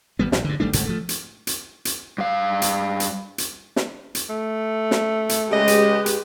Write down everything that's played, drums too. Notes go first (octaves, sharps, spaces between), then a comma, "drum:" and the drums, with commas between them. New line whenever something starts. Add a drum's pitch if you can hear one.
G#1 G3 B3
A#1 A2, drum: snare
G2 D3
G#1 G3 A3 D4
G1 G#2 A3, drum: hi-hat
F3 A3
drum: hi-hat
drum: hi-hat
drum: hi-hat
G2 F5
drum: hi-hat
drum: hi-hat
drum: hi-hat
drum: snare
drum: hi-hat
A3
drum: snare
drum: hi-hat
C#3 G#3 G4 B4 D#5
drum: hi-hat
drum: hi-hat